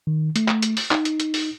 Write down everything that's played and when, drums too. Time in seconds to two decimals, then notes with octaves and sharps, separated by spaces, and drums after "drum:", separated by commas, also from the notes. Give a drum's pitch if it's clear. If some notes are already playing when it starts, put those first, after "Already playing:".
0.07 D#3
0.36 A3, drum: hi-hat
0.48 drum: clap
0.62 drum: hi-hat
0.77 drum: open hi-hat
0.91 D#4, drum: clap
1.05 drum: hi-hat
1.20 drum: hi-hat
1.34 drum: open hi-hat